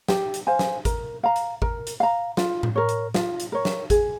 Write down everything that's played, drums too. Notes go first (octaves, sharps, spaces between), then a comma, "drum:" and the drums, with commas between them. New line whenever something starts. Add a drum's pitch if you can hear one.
G4, drum: snare
drum: hi-hat
C5 F5 G#5
drum: snare
A#4, drum: kick G#1, hi-hat
F5 A#5
drum: hi-hat
A#4, drum: kick G#1
drum: hi-hat
F5 A#5
F4, drum: snare
drum: tom A2
A#4 C#5
drum: hi-hat
F4, drum: snare
drum: hi-hat
A#4 C#5
drum: snare
G#4, drum: kick G#1, hi-hat